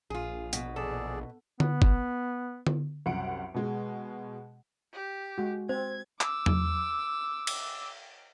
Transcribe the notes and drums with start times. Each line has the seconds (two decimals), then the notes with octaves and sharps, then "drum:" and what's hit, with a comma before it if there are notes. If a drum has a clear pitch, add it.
0.10 A#1 F4 G#4
0.53 B2, drum: hi-hat
0.76 E2 G#4 A4 D5
1.60 B3, drum: tom D3
1.82 drum: kick
2.67 drum: tom D3
3.06 C2 F#2 F#5 C#7 D7
3.54 B2 G#3
4.93 G4
5.38 G#3 F#4
5.69 C4 C5 G#6
6.21 D6 E6, drum: clap
6.46 drum: tom
7.47 drum: cymbal